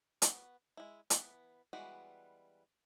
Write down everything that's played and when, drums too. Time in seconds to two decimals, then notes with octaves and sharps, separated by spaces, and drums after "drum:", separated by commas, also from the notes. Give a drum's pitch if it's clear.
0.22 B3 F#4, drum: hi-hat
0.77 G#3 E4
1.10 E3 B3, drum: hi-hat
1.73 E3 G3 G#3 B3 F#4